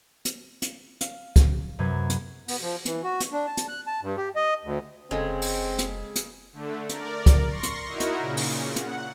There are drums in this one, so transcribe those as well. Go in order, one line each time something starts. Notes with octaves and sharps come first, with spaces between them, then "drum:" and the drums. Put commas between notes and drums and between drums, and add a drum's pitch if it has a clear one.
drum: hi-hat
drum: hi-hat
F5, drum: hi-hat
drum: kick, hi-hat
F#2 C3 B4 G#6
drum: hi-hat
B3, drum: open hi-hat
F3
E3, drum: hi-hat
F#4
drum: hi-hat
D4
A5
drum: hi-hat
F#6
A5
G2
G4
D#5
D2
F1 C#3 G#3 C4 A4
drum: open hi-hat
drum: hi-hat
drum: hi-hat
D3 A3
A#4 D5, drum: hi-hat
drum: kick, hi-hat
C6 C#6 A#6
drum: hi-hat
D#4 E4 F#4 A#4
drum: hi-hat
A#2 C#3
drum: open hi-hat
F#5, drum: hi-hat